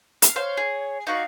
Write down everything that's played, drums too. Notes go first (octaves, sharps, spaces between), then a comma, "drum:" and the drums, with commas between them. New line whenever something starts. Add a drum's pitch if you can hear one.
F5, drum: hi-hat
C5 C#5 F5
G#4
D#4 F#4 D5 F5